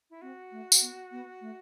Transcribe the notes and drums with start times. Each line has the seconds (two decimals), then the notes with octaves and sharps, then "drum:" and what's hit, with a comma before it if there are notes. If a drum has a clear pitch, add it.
0.10 E4
0.22 C4 F#4
0.51 A3
0.72 drum: tambourine
0.81 B3
1.11 B3
1.41 A3